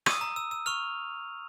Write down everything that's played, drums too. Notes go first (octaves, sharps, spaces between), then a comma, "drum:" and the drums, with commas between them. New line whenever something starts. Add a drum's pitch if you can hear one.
D#6 E6 D#7, drum: rim click
A#5
E6
E6
C#6 F6 F7